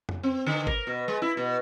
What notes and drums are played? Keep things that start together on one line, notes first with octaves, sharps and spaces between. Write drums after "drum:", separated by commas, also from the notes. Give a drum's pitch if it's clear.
drum: tom F2
C4
D3
A#4, drum: kick G#1
B2
G#3
E4
B2